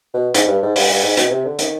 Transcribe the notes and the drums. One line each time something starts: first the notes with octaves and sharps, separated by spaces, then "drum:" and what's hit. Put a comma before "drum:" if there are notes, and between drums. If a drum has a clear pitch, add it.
B2
G#2, drum: hi-hat
G2
G#2
G2, drum: open hi-hat
G2
G#2
B2, drum: hi-hat
C3
D3
D#3, drum: hi-hat